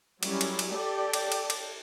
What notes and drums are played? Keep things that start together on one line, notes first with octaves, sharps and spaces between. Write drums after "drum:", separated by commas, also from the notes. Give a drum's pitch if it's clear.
F#3 G3 C#4 E4, drum: cymbal
drum: cymbal
drum: cymbal
G4 A4 D5 G5
drum: cymbal
drum: cymbal
drum: cymbal